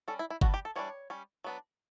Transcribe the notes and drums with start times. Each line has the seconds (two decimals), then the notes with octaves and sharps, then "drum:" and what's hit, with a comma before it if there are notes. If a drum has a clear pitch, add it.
0.08 G3 C#4 A4
0.19 E4
0.30 E4
0.41 G3 B3 D4 F#4, drum: kick G1
0.54 G4
0.65 A4
0.76 E3 G3 D4 C#5
1.10 G3 C#4
1.44 F#3 B3 D4